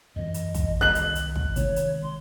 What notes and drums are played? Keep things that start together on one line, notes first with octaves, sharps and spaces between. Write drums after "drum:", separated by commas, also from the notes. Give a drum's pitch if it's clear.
F#2 E3 D#5
drum: hi-hat
drum: kick, hi-hat
C2 D#3 F#6 F#7
drum: hi-hat
drum: hi-hat
drum: kick
C3 D#3 G#3 C#5, drum: hi-hat
drum: hi-hat
C6